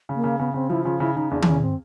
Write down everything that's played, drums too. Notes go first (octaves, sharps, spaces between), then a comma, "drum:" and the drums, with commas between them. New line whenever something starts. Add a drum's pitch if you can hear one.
C#3
A#3
C#3
C#3 B3
C#3 C4
F3 E4
C#3 F4
C#3 E4
C#3 D#4
E2 D4
D4, drum: tom D#3
E2 C#4
C4